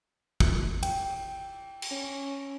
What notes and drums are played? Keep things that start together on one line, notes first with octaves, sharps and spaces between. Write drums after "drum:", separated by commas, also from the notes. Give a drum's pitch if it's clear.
drum: kick
G5, drum: cymbal
drum: cymbal
C#4